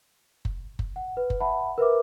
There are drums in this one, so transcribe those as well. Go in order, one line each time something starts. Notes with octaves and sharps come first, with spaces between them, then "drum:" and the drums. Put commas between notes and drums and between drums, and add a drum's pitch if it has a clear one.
drum: kick F#1
drum: kick F#1
F#5
B4
drum: kick F#1
E5 F#5 A5 B5
A#4 B4 E5 D6